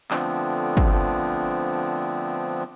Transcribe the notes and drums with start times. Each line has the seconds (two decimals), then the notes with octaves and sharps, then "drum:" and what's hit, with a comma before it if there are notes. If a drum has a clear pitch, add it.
0.11 D3 F3 A3 B3 C4 D4, drum: clap
0.77 drum: kick